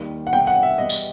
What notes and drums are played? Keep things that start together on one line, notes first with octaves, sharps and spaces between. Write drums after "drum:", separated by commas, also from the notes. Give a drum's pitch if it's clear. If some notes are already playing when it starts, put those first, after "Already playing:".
Already playing: D#2 D#3 G3
F#5
C2 B2 G3 G5
F#5
E5
E2 B2 G3 D#5
drum: tambourine